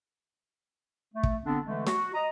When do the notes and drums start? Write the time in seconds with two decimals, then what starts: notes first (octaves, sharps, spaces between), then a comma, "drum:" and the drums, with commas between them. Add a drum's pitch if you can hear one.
1.14 A3
1.23 drum: kick
1.45 D3 B3 C4 D4
1.65 D3 E3 G#3 A3
1.87 F#4, drum: snare
2.14 D#5 A#5